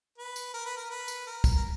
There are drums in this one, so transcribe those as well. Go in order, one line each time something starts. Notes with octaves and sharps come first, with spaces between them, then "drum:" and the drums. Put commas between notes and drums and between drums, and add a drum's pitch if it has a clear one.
B4
drum: tambourine
A#4
B4
A#4
B4
drum: tambourine
A#4
drum: kick, tambourine
A#4